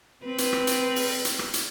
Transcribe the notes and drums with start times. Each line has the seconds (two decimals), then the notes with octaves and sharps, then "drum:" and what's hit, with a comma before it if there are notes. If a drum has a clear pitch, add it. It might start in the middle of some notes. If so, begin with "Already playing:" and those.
0.24 C4 B4
0.38 drum: hi-hat
0.53 drum: rim click
0.67 drum: hi-hat
0.96 drum: open hi-hat
1.25 drum: hi-hat
1.39 drum: rim click
1.54 drum: hi-hat